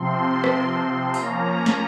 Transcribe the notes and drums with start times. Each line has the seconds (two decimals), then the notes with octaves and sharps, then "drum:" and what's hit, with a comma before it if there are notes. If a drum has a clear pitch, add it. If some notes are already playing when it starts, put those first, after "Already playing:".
Already playing: C3 F3 C4 C6
0.44 drum: rim click
1.14 F3 A#3 C#4 A#5, drum: open hi-hat
1.66 drum: snare